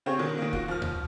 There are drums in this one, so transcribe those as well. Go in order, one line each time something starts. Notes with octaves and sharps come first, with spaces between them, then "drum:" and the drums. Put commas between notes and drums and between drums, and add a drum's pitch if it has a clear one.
C#3 C4 C#4 G4 G#4 C#5
B2 D3 D#3 F#3
D#3 A#3
F4 F#4, drum: kick
F3 F6
drum: tom D2